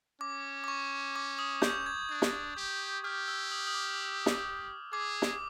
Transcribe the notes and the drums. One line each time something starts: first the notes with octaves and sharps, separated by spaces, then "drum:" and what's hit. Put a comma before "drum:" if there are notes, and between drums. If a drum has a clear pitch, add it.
C#4 D6
D6
C#6
D6
D#6
G6, drum: snare
G#6
D4 G#6
drum: snare
G4
G4 F6
E6
D#6
D#6
D6
drum: snare
G#4 D6
drum: snare